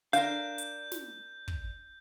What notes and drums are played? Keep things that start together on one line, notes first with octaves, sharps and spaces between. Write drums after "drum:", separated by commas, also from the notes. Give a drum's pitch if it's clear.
D4 A#4 F5 G6, drum: hi-hat
drum: hi-hat
drum: snare
drum: kick